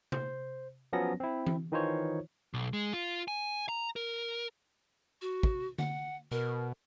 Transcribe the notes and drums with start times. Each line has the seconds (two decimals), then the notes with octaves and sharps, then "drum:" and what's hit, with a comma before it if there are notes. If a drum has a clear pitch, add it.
0.12 C5, drum: tom C3
0.93 F3 F#3 B3 C#4 A#6
1.20 C4 E4
1.47 drum: tom E3
1.72 D#3 E3 D#4 F4 C5 C#5
2.54 B1
2.73 G#3
2.93 F4
3.28 G#5
3.69 A#5
3.96 A#4
5.21 F#4
5.43 drum: kick
5.78 F#5, drum: tom D3
6.31 B2 A#4